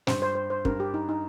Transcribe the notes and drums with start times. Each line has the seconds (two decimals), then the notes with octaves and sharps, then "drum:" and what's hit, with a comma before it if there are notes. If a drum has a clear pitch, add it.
0.07 G2 C5, drum: snare
0.22 C5
0.35 C5
0.50 C5
0.65 G2 A#4, drum: kick
0.80 G4
0.94 D#4
1.09 D#4